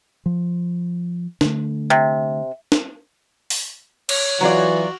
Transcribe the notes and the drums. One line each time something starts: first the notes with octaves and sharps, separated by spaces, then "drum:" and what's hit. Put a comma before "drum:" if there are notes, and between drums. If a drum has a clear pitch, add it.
F3
D3 A3, drum: snare
C3
drum: snare
drum: open hi-hat
C#5, drum: cymbal
E3 F#3 F4 F#4 D5